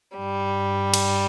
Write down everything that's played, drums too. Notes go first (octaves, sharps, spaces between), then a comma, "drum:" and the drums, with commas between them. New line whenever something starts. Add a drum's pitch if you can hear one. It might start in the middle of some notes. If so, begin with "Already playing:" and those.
G2 G3
drum: cymbal